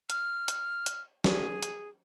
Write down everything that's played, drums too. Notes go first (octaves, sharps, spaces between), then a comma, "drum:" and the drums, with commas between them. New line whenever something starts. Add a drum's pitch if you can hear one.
F6, drum: hi-hat
drum: hi-hat
drum: hi-hat
G#4, drum: snare
drum: hi-hat